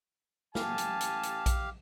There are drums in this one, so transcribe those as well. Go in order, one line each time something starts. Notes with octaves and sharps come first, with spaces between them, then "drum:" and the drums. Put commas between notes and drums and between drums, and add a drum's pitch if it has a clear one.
A1 G4 F5 G#5 A5, drum: snare
drum: hi-hat
drum: hi-hat
drum: hi-hat
drum: kick A#1, hi-hat